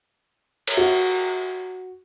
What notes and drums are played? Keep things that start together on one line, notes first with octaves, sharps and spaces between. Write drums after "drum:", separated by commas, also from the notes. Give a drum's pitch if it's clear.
drum: cymbal
F#4